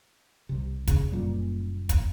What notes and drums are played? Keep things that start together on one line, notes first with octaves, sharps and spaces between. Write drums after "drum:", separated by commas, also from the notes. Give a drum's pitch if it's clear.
C2 C3
C#3, drum: kick, hi-hat
F#1 F#2 A#2 G3
drum: kick, hi-hat